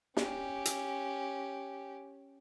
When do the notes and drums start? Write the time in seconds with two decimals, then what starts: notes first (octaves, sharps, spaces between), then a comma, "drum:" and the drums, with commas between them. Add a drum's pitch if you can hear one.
0.17 C#4 G4, drum: snare
0.65 drum: hi-hat